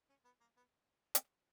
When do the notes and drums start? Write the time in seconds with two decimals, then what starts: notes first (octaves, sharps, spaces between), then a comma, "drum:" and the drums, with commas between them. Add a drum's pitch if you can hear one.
0.09 C#4
0.25 B3
0.41 A#3
0.57 B3
1.15 drum: hi-hat